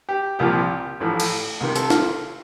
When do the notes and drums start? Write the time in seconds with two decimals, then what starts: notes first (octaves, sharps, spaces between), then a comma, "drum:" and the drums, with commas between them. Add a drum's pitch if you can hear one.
0.09 G4
0.39 C2 A#2 F3 G4
1.00 A1 A2 F3
1.20 drum: cymbal
1.60 C2 C3 D#3
1.76 A4, drum: hi-hat
1.90 F4, drum: snare